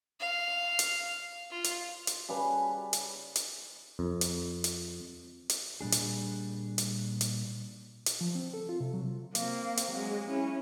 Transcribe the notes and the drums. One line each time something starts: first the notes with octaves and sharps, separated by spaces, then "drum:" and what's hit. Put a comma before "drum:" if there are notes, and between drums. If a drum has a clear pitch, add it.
F5
drum: hi-hat
F4
drum: hi-hat
drum: hi-hat
C#3 G3 B4 A5
drum: hi-hat
drum: hi-hat
F2
drum: hi-hat
drum: hi-hat
drum: hi-hat
A#2 G3 D4 G#4
drum: hi-hat
drum: hi-hat
drum: hi-hat
drum: hi-hat
F3
C4
A4
F4
C3
F#3
A#3 C4, drum: hi-hat
drum: hi-hat
F#3 G#3
C#4 E4